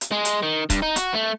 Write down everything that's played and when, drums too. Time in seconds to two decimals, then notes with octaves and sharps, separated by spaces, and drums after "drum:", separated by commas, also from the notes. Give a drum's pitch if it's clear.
0.01 drum: hi-hat
0.12 G#3
0.25 drum: hi-hat
0.43 D#3
0.70 G2, drum: kick C#1, hi-hat
0.82 D#4
0.96 F#4, drum: hi-hat
1.14 A3